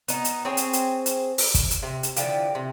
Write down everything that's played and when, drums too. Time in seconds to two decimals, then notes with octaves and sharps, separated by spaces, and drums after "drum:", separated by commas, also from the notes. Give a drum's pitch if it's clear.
0.08 B3 D#4, drum: hi-hat
0.25 drum: hi-hat
0.45 C4 G#4 C5 C#5
0.57 drum: hi-hat
0.73 drum: hi-hat
1.06 drum: hi-hat
1.38 drum: open hi-hat
1.54 drum: kick, hi-hat
1.71 drum: hi-hat
1.83 C3
2.03 drum: hi-hat
2.16 D3 E3 F3 G4, drum: hi-hat
2.55 C3